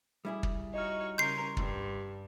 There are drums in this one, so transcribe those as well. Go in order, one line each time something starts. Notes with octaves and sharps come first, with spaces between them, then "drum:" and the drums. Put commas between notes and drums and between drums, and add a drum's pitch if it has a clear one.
G3 E4 G#4
drum: kick
D#4 F#4 C#5 D#5 F6
C#3 C#4 A#4 C6 G6 C7
G2, drum: kick